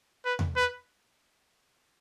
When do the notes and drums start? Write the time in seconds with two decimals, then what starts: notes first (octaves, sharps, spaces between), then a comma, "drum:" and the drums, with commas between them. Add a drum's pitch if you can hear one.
0.25 B4
0.39 drum: tom E2
0.56 B4